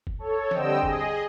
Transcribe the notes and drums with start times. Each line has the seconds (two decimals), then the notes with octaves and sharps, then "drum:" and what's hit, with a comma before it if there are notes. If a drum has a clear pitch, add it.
0.07 drum: kick F#1
0.19 A4 C#5
0.51 D3 G3 C4 D#5 G5 E6, drum: snare F3
0.83 G#4 D#5, drum: kick F#1